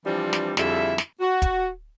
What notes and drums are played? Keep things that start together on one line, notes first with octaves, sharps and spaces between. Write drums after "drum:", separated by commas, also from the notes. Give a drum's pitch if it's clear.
E3 F3 G3 C4 D4
drum: snare
F2 D3 G3 E4 G#4 E5, drum: snare
drum: snare
F#4
drum: kick, hi-hat